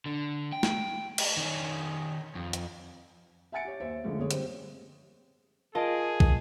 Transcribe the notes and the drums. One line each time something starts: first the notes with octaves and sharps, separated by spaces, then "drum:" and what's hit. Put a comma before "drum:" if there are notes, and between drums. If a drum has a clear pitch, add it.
D3
G5
drum: snare
drum: cymbal
D#3 C#4
F2
drum: hi-hat
E5 F#5 G#5 A6 C#7 D7
G4 C#5
D#2 C5 E5
A2 D3 F3 G#3 C#4
D3 B3 G#4 C#5
G3 C4 C5, drum: hi-hat
F4 G#4 A#4 D#5 A5 D7
drum: kick